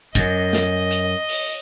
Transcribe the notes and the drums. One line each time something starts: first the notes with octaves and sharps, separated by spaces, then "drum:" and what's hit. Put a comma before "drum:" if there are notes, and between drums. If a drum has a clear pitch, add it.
F#2 D#5, drum: kick, hi-hat
drum: snare
drum: hi-hat
drum: open hi-hat